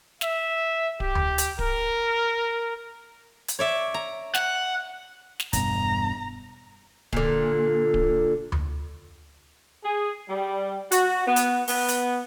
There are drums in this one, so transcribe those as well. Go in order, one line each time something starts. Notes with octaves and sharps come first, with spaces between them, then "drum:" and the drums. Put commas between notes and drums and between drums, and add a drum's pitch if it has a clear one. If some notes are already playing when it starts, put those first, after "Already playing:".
E5, drum: snare
G4, drum: kick D1
drum: tom D2
drum: hi-hat
A#4, drum: kick D1
drum: hi-hat
C#5 D5 E5
A#5
F#5, drum: snare
drum: snare
E1 G2 B3 A#5, drum: hi-hat
A#2 D3, drum: kick D1
drum: kick D1
drum: tom D2
G#4
G3
F#4, drum: hi-hat
B3
drum: hi-hat
B3, drum: open hi-hat
drum: hi-hat